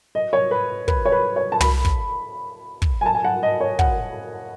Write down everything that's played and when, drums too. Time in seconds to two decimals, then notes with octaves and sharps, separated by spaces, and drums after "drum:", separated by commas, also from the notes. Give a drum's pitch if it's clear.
0.15 D#5
0.33 C#5
0.51 B4
0.88 B4, drum: kick
1.05 C#5
1.12 B4
1.36 C#5
1.52 A5
1.60 B5, drum: tom
1.85 drum: kick
2.82 drum: kick
3.01 G#5
3.06 A5
3.15 G#5
3.25 F#5
3.43 D#5
3.61 C#5
3.79 F#5, drum: kick